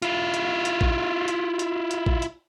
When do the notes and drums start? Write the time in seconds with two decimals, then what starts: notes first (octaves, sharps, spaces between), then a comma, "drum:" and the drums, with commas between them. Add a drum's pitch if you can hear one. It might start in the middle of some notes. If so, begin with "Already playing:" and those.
0.02 E4 F4, drum: hi-hat
0.34 drum: hi-hat
0.65 drum: hi-hat
0.81 drum: kick
1.28 drum: hi-hat
1.59 drum: hi-hat
1.91 drum: hi-hat
2.06 drum: kick
2.22 drum: hi-hat